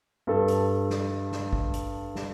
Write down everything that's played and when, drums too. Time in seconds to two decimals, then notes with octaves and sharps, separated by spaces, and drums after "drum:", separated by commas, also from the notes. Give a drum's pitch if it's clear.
0.27 G2 A4
0.48 drum: hi-hat
0.90 drum: snare
1.32 drum: snare
1.53 drum: kick G#1
1.74 drum: hi-hat
2.15 drum: snare